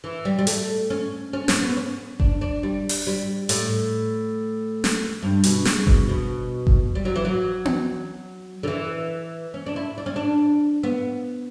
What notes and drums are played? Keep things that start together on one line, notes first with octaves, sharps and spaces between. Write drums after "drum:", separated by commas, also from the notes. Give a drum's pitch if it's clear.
E3
G3
G3
A3, drum: hi-hat
C#4
C#4
C#4, drum: snare
B3
C#4
D4, drum: kick G1
D4
G3
drum: open hi-hat
G3
A2, drum: hi-hat
drum: snare
G2
B2, drum: hi-hat
C#3, drum: snare
B2, drum: kick G1
B2
drum: kick G1
G3
F#3
E3
F#3
drum: tom B3
D3
E3
C#4
D4
E4
D4
C#4
D4
B3